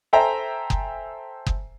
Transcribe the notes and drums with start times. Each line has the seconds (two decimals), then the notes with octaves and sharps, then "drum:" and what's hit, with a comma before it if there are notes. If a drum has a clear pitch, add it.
0.13 A4 C5 E5 G5 G#5 A#5
0.70 drum: kick F#1
1.46 drum: kick F#1